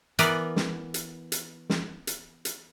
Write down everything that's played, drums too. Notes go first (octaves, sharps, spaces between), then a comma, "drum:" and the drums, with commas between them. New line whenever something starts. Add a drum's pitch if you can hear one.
E3 B3 A#4 B4 D5, drum: hi-hat
drum: snare
drum: hi-hat
drum: hi-hat
drum: snare
drum: hi-hat
drum: hi-hat